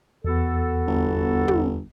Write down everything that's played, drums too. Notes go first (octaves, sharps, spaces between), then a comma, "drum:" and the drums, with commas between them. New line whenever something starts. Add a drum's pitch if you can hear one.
E2 B3 F#4 A4
G1
drum: tom